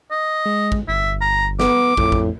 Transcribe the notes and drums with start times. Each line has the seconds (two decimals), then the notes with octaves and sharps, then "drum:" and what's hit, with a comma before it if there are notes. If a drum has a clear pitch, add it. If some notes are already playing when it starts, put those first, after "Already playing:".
0.11 D#5
0.46 G#3
0.72 drum: kick
0.88 G1 E5
1.21 A#5
1.60 B3 D6, drum: snare
1.97 F2 A2, drum: kick
2.12 drum: kick